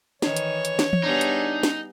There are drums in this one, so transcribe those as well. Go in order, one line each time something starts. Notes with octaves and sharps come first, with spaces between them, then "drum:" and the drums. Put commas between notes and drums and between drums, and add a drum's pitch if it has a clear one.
D#3 E3 C#5, drum: snare
drum: hi-hat
drum: hi-hat
drum: snare
drum: tom E3
G3 B3 D4 D#4 G#4
drum: hi-hat
drum: snare